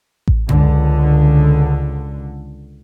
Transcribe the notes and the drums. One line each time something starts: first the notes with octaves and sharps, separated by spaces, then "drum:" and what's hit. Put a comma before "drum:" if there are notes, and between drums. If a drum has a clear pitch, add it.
drum: kick A1
C#2 D3, drum: tom F#2